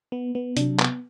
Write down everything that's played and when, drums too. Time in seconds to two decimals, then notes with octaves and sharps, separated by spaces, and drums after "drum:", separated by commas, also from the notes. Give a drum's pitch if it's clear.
0.12 B3
0.35 B3
0.57 C3 F#3 D4, drum: hi-hat
0.80 B3, drum: clap